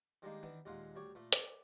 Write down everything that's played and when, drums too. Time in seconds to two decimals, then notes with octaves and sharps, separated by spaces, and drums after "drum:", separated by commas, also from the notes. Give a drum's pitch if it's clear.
0.22 D#3 G3 G#3 A#3 D4 D#4
0.43 D#3 E3 B3 D4 D#4
0.66 D#2 A#2 G#3 F4 F#5
0.95 D2 G3 C#5 D6
1.15 A#2 A3
1.33 D6, drum: hi-hat